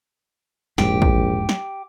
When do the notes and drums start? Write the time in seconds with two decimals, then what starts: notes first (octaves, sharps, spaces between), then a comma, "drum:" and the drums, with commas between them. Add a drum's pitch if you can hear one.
0.78 E1 A#1 G#2 G4, drum: snare
1.02 drum: kick
1.49 drum: snare